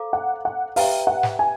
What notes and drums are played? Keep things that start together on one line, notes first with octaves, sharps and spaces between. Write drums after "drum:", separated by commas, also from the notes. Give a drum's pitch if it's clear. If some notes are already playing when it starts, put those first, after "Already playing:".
Already playing: A4 C5 F5 A#5 D6
F#5
F#5
G4 B4 E5 F5 G5 A#5, drum: open hi-hat
F#5
drum: snare
G#5